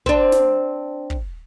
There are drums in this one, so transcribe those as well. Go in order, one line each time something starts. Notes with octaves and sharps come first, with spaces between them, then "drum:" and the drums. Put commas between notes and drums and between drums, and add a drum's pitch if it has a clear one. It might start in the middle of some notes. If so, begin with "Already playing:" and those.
C4 D4, drum: kick
drum: snare
drum: kick